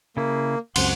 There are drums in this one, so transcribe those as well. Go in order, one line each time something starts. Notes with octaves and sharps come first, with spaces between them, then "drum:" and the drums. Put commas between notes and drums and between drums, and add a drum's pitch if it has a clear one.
C#3 A#3 E4
C#2 F#2 C4 F#5 C6, drum: cymbal